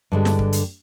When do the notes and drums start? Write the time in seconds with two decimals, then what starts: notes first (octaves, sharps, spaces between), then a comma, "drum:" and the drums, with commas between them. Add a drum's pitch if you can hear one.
0.12 G2 D3 G#3
0.25 drum: snare
0.39 drum: kick
0.52 drum: hi-hat